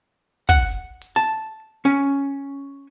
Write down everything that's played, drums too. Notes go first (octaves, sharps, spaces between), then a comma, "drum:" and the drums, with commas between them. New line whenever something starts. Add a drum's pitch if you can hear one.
F#5, drum: kick
drum: hi-hat
A5
C#4